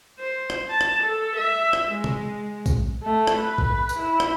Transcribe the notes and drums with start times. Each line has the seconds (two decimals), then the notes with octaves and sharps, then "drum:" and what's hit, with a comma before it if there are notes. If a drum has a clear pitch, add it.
0.19 C5
0.50 drum: rim click
0.71 A5
0.81 drum: rim click
1.04 A4
1.36 E5
1.73 drum: rim click
1.92 G#3
2.04 drum: tom
2.66 drum: kick B1, tambourine
3.04 A3
3.27 drum: rim click
3.40 B4
3.58 drum: kick B1
3.89 drum: tambourine
3.99 E4
4.20 drum: rim click